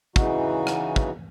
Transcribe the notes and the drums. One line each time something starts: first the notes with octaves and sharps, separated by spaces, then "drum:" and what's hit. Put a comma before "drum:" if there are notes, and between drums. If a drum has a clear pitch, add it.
C#3 E3 D#4 F#4, drum: kick
drum: rim click
drum: kick